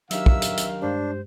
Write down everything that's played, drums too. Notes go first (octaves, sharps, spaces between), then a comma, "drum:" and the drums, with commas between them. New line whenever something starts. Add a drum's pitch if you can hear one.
D#3 F#3 D4 G4 E5 F5 E6, drum: hi-hat
drum: kick
drum: hi-hat
drum: hi-hat
G2 G#3 D4 G4 C5